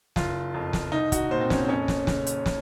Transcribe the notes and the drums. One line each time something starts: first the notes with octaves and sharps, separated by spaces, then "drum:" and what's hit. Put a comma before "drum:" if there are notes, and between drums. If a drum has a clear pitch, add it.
F#1 F4, drum: snare
F2
drum: snare
C2 D#4
F#4, drum: kick, hi-hat
A#2 C5
C4
C#4, drum: snare
C4
F2 C#4
drum: snare
C#3, drum: snare
drum: hi-hat
drum: snare